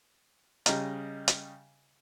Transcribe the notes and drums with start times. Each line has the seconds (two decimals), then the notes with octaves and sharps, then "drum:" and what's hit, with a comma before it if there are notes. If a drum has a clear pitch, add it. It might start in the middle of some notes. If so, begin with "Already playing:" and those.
0.66 C#3 G3 D#5 A#5 F6, drum: hi-hat
1.28 drum: hi-hat